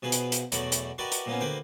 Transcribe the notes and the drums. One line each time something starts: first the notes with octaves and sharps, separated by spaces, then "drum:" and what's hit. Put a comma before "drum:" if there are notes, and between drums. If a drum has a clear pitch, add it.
B2 F3 G#4 B4
drum: hi-hat
drum: hi-hat
E2 B2 F#3 A3 D5 B5, drum: hi-hat
drum: hi-hat
F#4 G4 A#4 B4 D5 D#5
drum: hi-hat
A#2 F3 A#3 B3 C#4
D2 A#3 B4 C5 G5